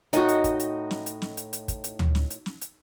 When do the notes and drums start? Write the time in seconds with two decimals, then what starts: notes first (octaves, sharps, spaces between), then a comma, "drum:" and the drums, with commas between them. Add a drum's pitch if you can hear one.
0.13 A2 D#4 F#4 D#5 G5, drum: hi-hat
0.28 drum: hi-hat
0.44 drum: kick, hi-hat
0.60 drum: hi-hat
0.91 drum: snare
1.06 drum: hi-hat
1.22 drum: snare
1.37 drum: hi-hat
1.53 drum: hi-hat
1.68 drum: kick, hi-hat
1.84 drum: hi-hat
1.99 drum: tom D2
2.15 drum: snare
2.30 drum: hi-hat
2.46 drum: snare
2.61 drum: hi-hat